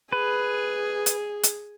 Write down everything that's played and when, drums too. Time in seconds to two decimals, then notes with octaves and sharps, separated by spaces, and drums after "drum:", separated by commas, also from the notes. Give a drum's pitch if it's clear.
0.12 G#4 B4
1.06 drum: hi-hat
1.43 drum: hi-hat